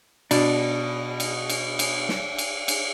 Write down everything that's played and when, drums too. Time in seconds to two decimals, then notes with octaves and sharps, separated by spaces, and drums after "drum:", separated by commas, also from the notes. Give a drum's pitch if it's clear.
0.31 B2 D4, drum: cymbal
1.20 drum: cymbal
1.49 drum: cymbal
1.79 drum: cymbal
2.09 drum: snare
2.38 drum: cymbal
2.68 drum: cymbal